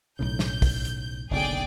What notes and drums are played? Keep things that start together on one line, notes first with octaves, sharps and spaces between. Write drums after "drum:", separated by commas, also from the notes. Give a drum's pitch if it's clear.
B1 A2 C#3 G6
drum: snare
drum: kick, open hi-hat
drum: hi-hat
F#1 B1 D3 G#4 D5 G5